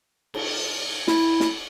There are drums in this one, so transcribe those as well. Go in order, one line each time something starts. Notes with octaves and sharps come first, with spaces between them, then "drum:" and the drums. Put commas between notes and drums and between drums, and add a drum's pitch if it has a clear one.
drum: cymbal
E4, drum: snare
drum: snare